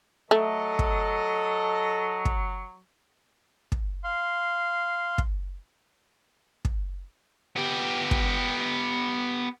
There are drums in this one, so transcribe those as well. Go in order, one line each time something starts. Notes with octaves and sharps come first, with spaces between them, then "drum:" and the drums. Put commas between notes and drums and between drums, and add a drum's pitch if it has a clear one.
F#3 A3 A4 D#5
drum: kick
drum: kick
drum: kick
F5 C6
drum: kick
drum: kick
B3 G4
drum: kick